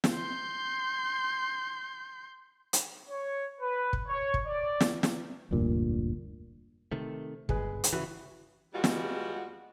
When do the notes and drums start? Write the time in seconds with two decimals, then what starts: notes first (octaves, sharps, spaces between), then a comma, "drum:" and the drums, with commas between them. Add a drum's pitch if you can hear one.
0.04 drum: snare
0.15 C6 G6
2.73 drum: hi-hat
3.09 C#5
3.61 B4
3.93 drum: kick
4.08 C#5
4.34 drum: kick
4.45 D5
4.81 drum: snare
5.03 drum: snare
5.51 F1 D2 G2 A#2
6.91 C3 D#3 A3
7.49 G1 G#3 G#4 B4, drum: kick
7.84 drum: hi-hat
7.93 C#3 E3 F#4 B4 E5
8.74 E2 G3 G#3 F4 F#4
8.84 drum: snare